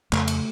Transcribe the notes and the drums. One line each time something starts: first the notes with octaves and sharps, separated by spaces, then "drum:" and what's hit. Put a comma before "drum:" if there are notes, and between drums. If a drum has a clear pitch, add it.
F2 C#3 A3, drum: clap
drum: cymbal